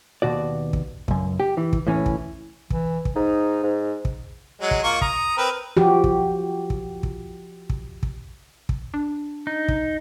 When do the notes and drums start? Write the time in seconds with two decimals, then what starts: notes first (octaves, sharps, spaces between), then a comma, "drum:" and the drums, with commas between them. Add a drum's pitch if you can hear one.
0.22 D#2 B2 F#4 D5
0.73 drum: kick
1.08 C#2 F#2, drum: kick
1.40 G4
1.57 E3
1.73 drum: kick
1.87 A2 E3 C#4
2.06 drum: kick
2.70 E3, drum: kick
3.05 drum: kick
3.16 G#2 D#4
3.63 G#2
4.05 drum: kick
4.61 F#3 G#3
4.71 drum: kick
4.83 A#3 F4 C#6
5.01 A#5 D#6, drum: kick
5.38 C4 A#4 B4
5.77 F3 F#4 G4
6.04 drum: kick
6.70 drum: kick
7.03 drum: kick
7.70 drum: kick
8.03 drum: kick
8.69 drum: kick
8.94 D4
9.47 D#4
9.68 drum: kick